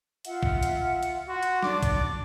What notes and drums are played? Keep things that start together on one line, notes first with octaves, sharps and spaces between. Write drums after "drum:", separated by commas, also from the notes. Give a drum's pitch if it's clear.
F4 E5 F#5, drum: hi-hat
drum: kick A#1
drum: hi-hat
drum: hi-hat
F#4 C6
drum: hi-hat
D4 D5 D6, drum: snare
drum: kick A#1, hi-hat